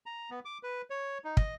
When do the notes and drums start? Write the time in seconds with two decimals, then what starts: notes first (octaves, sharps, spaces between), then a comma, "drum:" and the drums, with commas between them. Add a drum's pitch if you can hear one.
0.06 A#5
0.30 B3
0.45 D6
0.63 B4
0.90 C#5
1.24 D#4
1.37 D#5, drum: kick